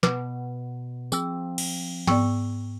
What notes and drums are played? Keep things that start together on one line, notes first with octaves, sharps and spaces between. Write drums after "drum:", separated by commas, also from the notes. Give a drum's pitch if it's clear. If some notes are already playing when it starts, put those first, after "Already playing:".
B2 B3 B4 D6, drum: snare
F3 C4 G#4 E6, drum: tambourine
drum: cymbal
G#2 B3 D5 G5 C#6 E6, drum: snare